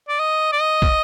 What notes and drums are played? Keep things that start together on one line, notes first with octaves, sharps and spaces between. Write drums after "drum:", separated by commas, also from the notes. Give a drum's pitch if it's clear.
D5
D#5
D5
D#5
drum: kick